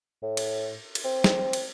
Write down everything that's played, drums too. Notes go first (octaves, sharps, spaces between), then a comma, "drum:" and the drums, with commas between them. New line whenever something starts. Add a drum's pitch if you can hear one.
A2
drum: cymbal
drum: cymbal
C4
drum: snare
drum: cymbal